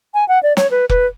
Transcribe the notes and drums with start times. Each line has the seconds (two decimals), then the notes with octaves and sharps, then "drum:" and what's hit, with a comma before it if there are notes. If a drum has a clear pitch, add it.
0.14 G#5
0.28 F#5
0.43 D5
0.57 C#5, drum: snare
0.71 B4
0.89 B4, drum: kick F1